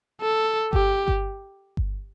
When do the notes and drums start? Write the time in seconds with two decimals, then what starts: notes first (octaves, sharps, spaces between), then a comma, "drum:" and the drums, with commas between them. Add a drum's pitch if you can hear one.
0.21 A4
0.73 G4, drum: kick G1
1.08 drum: kick G1
1.77 drum: kick G1